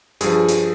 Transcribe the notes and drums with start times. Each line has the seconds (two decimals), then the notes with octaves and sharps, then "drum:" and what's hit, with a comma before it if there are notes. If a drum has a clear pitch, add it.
0.21 G2 F3 G#4, drum: hi-hat
0.48 drum: hi-hat